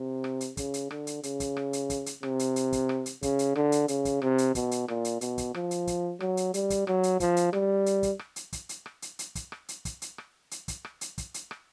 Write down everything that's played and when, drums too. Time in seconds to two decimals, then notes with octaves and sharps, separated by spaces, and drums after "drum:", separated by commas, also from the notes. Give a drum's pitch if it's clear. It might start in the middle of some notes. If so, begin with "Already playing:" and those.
Already playing: C3
0.24 drum: rim click
0.41 drum: hi-hat
0.57 C#3, drum: kick, hi-hat
0.74 drum: hi-hat
0.91 D3, drum: rim click
1.07 drum: hi-hat
1.23 C#3, drum: hi-hat
1.40 drum: kick, hi-hat
1.57 drum: rim click
1.73 drum: hi-hat
1.90 drum: kick, hi-hat
2.06 drum: hi-hat
2.23 C3, drum: rim click
2.39 drum: hi-hat
2.56 drum: hi-hat
2.73 drum: kick, hi-hat
2.89 drum: rim click
3.06 drum: hi-hat
3.23 C#3, drum: kick, hi-hat
3.39 drum: hi-hat
3.55 D3, drum: rim click
3.72 drum: hi-hat
3.88 C#3, drum: hi-hat
4.05 drum: kick, hi-hat
4.22 C3, drum: rim click
4.38 drum: hi-hat
4.55 B2, drum: kick, hi-hat
4.71 drum: hi-hat
4.88 A#2, drum: rim click
5.05 drum: hi-hat
5.21 B2, drum: hi-hat
5.38 drum: kick, hi-hat
5.54 F3, drum: rim click
5.71 drum: hi-hat
5.87 drum: kick, hi-hat
6.20 F#3, drum: rim click
6.37 drum: hi-hat
6.54 G3, drum: hi-hat
6.70 drum: kick, hi-hat
6.87 F#3, drum: rim click
7.03 drum: hi-hat
7.20 F3, drum: kick, hi-hat
7.37 drum: hi-hat
7.53 G3, drum: rim click
7.86 drum: hi-hat
8.03 drum: kick, hi-hat
8.19 drum: rim click
8.36 drum: hi-hat
8.53 drum: kick, hi-hat
8.69 drum: hi-hat
8.86 drum: rim click
9.02 drum: hi-hat
9.19 drum: hi-hat
9.35 drum: kick, hi-hat
9.52 drum: rim click
9.69 drum: hi-hat
9.85 drum: kick, hi-hat
10.02 drum: hi-hat
10.18 drum: rim click
10.51 drum: hi-hat
10.68 drum: kick, hi-hat
10.85 drum: rim click
11.01 drum: hi-hat
11.18 drum: kick, hi-hat
11.34 drum: hi-hat
11.51 drum: rim click